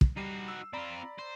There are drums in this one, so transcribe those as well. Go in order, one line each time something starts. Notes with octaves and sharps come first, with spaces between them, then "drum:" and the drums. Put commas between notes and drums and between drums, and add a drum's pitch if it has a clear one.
drum: kick
G3 D#4 F#4 C7
E6
C4 F4 D5 A#5 B5
C5